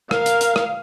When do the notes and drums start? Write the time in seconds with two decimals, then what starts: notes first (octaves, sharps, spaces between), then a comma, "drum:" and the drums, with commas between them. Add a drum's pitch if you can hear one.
0.11 A#4 F5, drum: rim click
0.26 drum: hi-hat
0.41 drum: hi-hat
0.56 drum: rim click